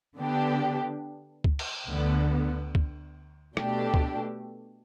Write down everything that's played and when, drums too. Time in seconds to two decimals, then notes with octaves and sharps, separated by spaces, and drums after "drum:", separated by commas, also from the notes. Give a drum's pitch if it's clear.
0.17 D3 B3 D4 G4
1.44 drum: kick C#2
1.59 drum: cymbal
1.87 D2 D3 B3
2.75 drum: kick C#2
3.57 B2 A3 D4 G4, drum: rim click
3.94 drum: kick C#2